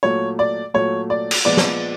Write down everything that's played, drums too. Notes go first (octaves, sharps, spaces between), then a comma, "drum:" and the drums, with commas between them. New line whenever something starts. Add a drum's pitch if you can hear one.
A#2 F#3 A3 C#5
D5
A#2 F#3 A3 C#5
D5
drum: cymbal
A#2 F3 G#3 B3 D5
drum: snare